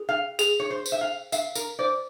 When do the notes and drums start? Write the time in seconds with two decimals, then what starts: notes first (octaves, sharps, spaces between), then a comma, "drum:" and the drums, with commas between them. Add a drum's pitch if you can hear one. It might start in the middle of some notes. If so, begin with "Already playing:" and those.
Already playing: G#4
0.09 F5
0.39 G#4, drum: tambourine
0.60 C#5
0.70 C5
0.86 C5, drum: tambourine
0.92 E5
1.01 F5
1.32 E5 F5, drum: tambourine
1.55 A#4, drum: tambourine
1.79 C5 D5